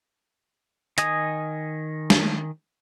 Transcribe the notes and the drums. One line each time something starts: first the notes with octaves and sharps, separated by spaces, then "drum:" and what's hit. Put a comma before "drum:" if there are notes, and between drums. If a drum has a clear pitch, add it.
D#3 D#5 G#5 D#6, drum: hi-hat
drum: snare